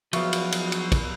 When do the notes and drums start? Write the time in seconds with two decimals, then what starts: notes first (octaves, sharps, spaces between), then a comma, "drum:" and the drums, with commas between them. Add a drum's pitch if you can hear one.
0.13 F3 F#3 B3 F#4 E5 F5 C#6, drum: cymbal
0.33 drum: cymbal
0.52 drum: cymbal
0.72 drum: cymbal
0.92 drum: kick, cymbal